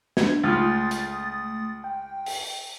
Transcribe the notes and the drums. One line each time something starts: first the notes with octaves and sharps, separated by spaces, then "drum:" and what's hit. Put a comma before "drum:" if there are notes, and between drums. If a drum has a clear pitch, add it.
D4 G#6, drum: snare
C#2 A3 F4 D#6 A6
drum: hi-hat
G5
drum: open hi-hat